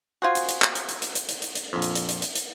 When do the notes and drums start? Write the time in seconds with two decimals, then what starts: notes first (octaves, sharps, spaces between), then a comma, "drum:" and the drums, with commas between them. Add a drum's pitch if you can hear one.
0.22 F4 F#4 G#4 C5 G#5
0.35 drum: hi-hat
0.49 drum: hi-hat
0.62 drum: clap
0.75 drum: hi-hat
0.89 drum: hi-hat
1.02 drum: hi-hat
1.15 drum: hi-hat
1.29 drum: hi-hat
1.42 drum: hi-hat
1.55 drum: hi-hat
1.73 A#1 F2
1.82 drum: hi-hat
1.95 drum: hi-hat
2.09 drum: hi-hat
2.22 drum: hi-hat
2.35 drum: hi-hat